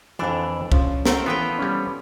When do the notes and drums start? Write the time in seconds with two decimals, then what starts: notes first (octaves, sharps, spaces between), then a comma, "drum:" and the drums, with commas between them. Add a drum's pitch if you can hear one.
0.19 F2 D3 E3 D4
0.72 F3 C#4, drum: kick C2
1.06 A3 C4 A#4 C5 F#5 G5, drum: snare
1.26 E3 F3 B3 C4 B4 G5
1.59 G3 C#4